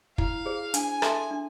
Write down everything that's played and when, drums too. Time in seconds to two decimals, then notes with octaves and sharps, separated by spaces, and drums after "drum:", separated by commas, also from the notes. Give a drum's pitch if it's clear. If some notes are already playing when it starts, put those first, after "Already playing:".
0.18 E4 F5, drum: kick
0.46 G#4 C5
0.74 D4 G#5, drum: hi-hat
1.02 A4 E5 A5 C6, drum: rim click
1.31 D4